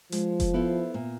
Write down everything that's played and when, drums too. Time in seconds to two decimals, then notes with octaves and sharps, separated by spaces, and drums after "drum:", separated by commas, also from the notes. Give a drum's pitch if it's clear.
0.12 F3 G#3, drum: hi-hat
0.40 drum: kick F1, hi-hat
0.54 B3 E4 A4 C5
0.94 A#2